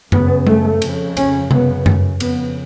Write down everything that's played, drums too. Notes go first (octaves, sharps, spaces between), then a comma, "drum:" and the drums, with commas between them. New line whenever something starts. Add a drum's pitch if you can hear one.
F#2 C#3 B3, drum: tom F#2
A3, drum: tom G3
F2 C#3, drum: cymbal
C#4, drum: cymbal
F#2 C#3 B3, drum: tom C3
drum: tom F#2
F2 C#3 B3, drum: cymbal